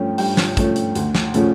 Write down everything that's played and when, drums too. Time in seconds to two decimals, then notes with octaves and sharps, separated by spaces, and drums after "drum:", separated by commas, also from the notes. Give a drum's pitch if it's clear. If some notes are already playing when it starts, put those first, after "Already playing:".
Already playing: G2 F3 A3 C#4 G5
0.18 G2 G5, drum: open hi-hat
0.37 drum: snare
0.57 F3 A3 C#4, drum: kick, hi-hat
0.76 drum: hi-hat
0.95 D2, drum: hi-hat
1.15 drum: snare
1.34 C#3 F3 A3 C#4, drum: hi-hat